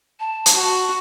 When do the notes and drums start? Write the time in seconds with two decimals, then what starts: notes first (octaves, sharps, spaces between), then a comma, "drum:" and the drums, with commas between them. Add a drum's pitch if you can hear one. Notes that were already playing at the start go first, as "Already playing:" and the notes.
0.20 A5
0.46 drum: hi-hat
0.55 F#4